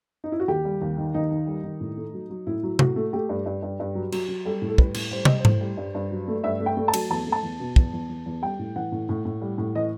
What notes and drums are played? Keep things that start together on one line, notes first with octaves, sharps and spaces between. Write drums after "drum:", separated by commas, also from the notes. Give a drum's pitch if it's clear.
D#4
E4
F#4
D#2 G4
G3
D#2
D#3
D#2 D#4
D#3
G3
D#3
A2
A3
F#3
F#3
A2 E4
F#3
A2 F#4, drum: tom
A3
A3 G4
G2
G2
G2
G2
F#3
F#3, drum: cymbal
F#3
G3 A4
A2
A4
G3 B4, drum: kick
A2, drum: cymbal
G3 C5
G3 D#5, drum: tom
C5
A2, drum: tom G#2
G3
G2
G2
F#3
A3
G2 E5
A3
G5
A3
A5
F#3, drum: cymbal
E2 A5
A3
A5
E2
B2
E2, drum: kick
E2
E2
E2
G3 G5
A2
E3 F#5
A2
A2
A2
G3
A2
E3 D#5